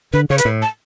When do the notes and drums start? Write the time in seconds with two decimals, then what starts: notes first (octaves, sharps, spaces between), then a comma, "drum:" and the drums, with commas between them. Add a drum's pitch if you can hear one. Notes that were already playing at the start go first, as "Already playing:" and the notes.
0.13 D3 B4
0.30 C#3 C#5
0.38 B4, drum: hi-hat
0.45 A2
0.62 A5